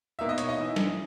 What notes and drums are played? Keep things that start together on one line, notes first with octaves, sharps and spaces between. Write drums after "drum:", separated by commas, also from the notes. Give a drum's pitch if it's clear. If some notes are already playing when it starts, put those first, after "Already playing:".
B2 A#3 D#4 E5
D#5
C#5, drum: hi-hat
D#4 D#5
E3 B3 E4
drum: snare